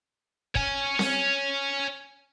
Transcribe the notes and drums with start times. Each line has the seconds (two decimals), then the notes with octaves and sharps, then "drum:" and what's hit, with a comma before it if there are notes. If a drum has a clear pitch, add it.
0.55 C#5 G#5, drum: kick
0.99 drum: snare C4